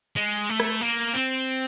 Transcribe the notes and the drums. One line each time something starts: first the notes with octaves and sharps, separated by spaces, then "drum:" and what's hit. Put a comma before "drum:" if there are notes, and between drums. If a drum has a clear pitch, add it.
G#3
drum: open hi-hat
A3
drum: rim click
A#3, drum: hi-hat
C4